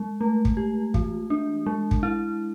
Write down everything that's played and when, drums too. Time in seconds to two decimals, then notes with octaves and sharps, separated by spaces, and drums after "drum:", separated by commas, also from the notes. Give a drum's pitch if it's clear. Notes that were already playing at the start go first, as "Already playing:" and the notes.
Already playing: G#3
0.21 A3
0.45 drum: kick
0.57 G4
0.94 E3, drum: kick
1.30 D4
1.66 G#3
1.91 drum: kick
2.03 E4